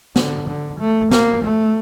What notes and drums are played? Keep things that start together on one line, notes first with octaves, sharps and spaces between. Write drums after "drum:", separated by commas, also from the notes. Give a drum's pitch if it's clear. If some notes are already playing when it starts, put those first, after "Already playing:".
D3, drum: snare
D3
A3
A#3, drum: snare
A3